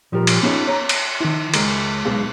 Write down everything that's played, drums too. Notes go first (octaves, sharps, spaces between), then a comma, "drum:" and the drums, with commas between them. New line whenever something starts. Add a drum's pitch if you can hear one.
A#2 F3 G3 F#4 A#4
drum: cymbal
B3 C#4 D#4 F4 G#4 C#5
C#5 A#5
drum: cymbal
D#3 E4
C#2 G#3 A#4, drum: cymbal
B1 G#3 B3 G#4 F5 A5